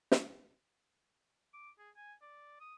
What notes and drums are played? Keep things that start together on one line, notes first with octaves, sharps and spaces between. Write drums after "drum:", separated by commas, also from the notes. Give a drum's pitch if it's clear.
drum: snare
D6
G#4
G#5
D5
D#6